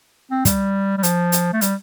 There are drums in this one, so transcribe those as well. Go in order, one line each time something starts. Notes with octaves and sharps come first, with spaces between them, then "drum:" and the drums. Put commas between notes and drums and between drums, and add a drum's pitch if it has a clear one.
C4
G3, drum: kick, hi-hat
G3
F3, drum: hi-hat
drum: hi-hat
A3
G3, drum: hi-hat